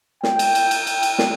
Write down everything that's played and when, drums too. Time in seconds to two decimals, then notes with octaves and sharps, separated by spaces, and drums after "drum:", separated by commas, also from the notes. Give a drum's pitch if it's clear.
0.23 G5, drum: snare
0.39 drum: cymbal
0.55 drum: cymbal
0.71 drum: cymbal
0.87 drum: cymbal
1.03 drum: cymbal
1.19 drum: snare